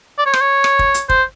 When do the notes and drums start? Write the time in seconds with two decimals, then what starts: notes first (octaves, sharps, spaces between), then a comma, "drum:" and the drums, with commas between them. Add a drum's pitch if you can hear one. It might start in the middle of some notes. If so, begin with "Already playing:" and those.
0.19 D5
0.26 C#5
0.34 C5, drum: rim click
0.41 C#5
0.64 drum: rim click
0.79 drum: kick
0.94 drum: hi-hat
1.09 C5, drum: kick